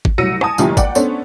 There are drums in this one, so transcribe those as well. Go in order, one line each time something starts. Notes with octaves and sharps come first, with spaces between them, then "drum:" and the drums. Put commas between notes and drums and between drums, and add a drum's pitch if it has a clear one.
drum: kick
C2 F#3 E6 A#6 C#7 D#7
G#5 A5 D#6, drum: rim click
F#1 D#3 E4 F4 G4 G#5, drum: tambourine
D5 F#5 G5, drum: kick, tambourine
B3 C#4 D4 A4 C5 C#5, drum: tambourine